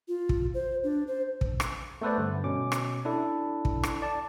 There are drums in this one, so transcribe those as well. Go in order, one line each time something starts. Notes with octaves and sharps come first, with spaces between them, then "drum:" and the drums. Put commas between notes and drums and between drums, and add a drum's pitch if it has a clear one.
F4
drum: kick
C5
D4
C5
drum: kick
drum: rim click
A3 B3 A4 B4 C5 D5
G2 D3
B2 C#4 D6
drum: rim click
D4 E4 A4
drum: kick
drum: rim click
D5 A5